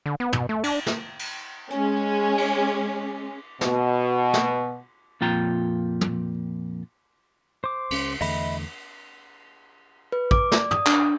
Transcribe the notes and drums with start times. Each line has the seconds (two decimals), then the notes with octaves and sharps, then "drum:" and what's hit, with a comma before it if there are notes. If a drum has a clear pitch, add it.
0.06 D3
0.20 B3
0.33 B2, drum: tom
0.49 A3
0.64 D4, drum: cymbal
0.86 drum: snare
1.19 drum: cymbal
1.70 G#3 C#4, drum: hi-hat
2.38 drum: cymbal
3.61 B2, drum: snare
4.33 drum: snare
5.21 F2 A#2 F4 G5 A#5
6.01 drum: tom
7.64 C5 D6
7.91 C#2 C#3 C#4, drum: cymbal
8.21 E2 D3 A3 D#5 E5 B5, drum: open hi-hat
10.12 B4
10.31 D6, drum: kick
10.51 D5, drum: snare
10.71 D#6, drum: tom
10.86 D4, drum: clap